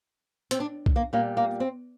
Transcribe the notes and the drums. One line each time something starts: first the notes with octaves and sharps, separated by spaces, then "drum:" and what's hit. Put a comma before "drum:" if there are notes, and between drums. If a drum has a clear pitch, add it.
C4, drum: hi-hat
D4
drum: kick B1
A#3
A#2 G3 A#3
A#3
C4